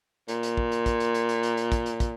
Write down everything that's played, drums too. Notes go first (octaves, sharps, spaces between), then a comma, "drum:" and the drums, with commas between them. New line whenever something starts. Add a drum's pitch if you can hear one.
A#2, drum: hi-hat
drum: hi-hat
drum: kick
drum: hi-hat
drum: kick, hi-hat
drum: hi-hat
drum: hi-hat
drum: hi-hat
drum: hi-hat
drum: hi-hat
drum: kick, hi-hat
drum: hi-hat
drum: kick, hi-hat